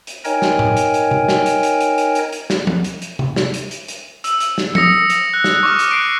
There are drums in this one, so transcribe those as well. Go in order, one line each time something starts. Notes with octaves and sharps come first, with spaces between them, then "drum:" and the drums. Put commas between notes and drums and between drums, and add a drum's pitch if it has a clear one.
drum: hi-hat
D#4 A#4 C#5 D#5 G5 G#5, drum: hi-hat
drum: snare
drum: tom A2
drum: hi-hat
drum: hi-hat
drum: tom
drum: snare
drum: hi-hat
drum: hi-hat
drum: hi-hat
drum: hi-hat
drum: hi-hat
drum: hi-hat
drum: snare
drum: tom
drum: hi-hat
drum: hi-hat
drum: tom
drum: snare
drum: hi-hat
drum: hi-hat
drum: hi-hat
E6, drum: hi-hat
drum: hi-hat
drum: snare
D#6 A#6 C#7, drum: tom
drum: hi-hat
F#6
drum: snare
C#6 D6 F6
drum: hi-hat
F#6 C7 D7